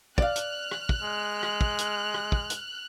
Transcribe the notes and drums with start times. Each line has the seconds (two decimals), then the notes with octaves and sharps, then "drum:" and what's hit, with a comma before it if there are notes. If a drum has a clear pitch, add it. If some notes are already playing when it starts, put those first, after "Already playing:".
0.18 D5 F5 F6 F#6, drum: kick
0.36 drum: hi-hat
0.71 drum: rim click
0.89 drum: kick
1.02 G#3
1.43 drum: rim click
1.61 drum: kick
1.79 drum: hi-hat
2.14 drum: rim click
2.32 drum: kick
2.50 drum: hi-hat